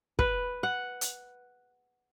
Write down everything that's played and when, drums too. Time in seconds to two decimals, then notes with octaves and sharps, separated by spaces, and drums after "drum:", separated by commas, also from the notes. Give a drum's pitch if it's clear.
0.19 B4, drum: kick
0.63 F#5
1.01 drum: hi-hat